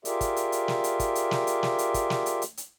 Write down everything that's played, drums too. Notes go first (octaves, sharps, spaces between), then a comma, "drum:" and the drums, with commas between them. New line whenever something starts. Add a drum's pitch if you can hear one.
F4 G4 G#4 A#4 D5 E5, drum: hi-hat
drum: kick, hi-hat
drum: hi-hat
drum: hi-hat
drum: snare
drum: hi-hat
drum: kick, hi-hat
drum: hi-hat
drum: snare
drum: hi-hat
drum: snare
drum: hi-hat
drum: kick, hi-hat
drum: snare
drum: hi-hat
drum: hi-hat
drum: hi-hat